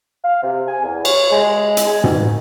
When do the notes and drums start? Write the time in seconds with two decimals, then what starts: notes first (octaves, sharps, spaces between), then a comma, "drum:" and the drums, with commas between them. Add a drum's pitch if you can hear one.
0.23 F5
0.43 C3
0.68 G#5
0.84 E2
1.05 C#5, drum: cymbal
1.31 G#3
1.77 drum: hi-hat
1.87 G#5
2.04 D#3, drum: tom